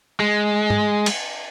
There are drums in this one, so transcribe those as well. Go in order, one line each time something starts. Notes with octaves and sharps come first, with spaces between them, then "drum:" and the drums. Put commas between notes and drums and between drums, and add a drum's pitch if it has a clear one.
G#3
drum: tom
drum: cymbal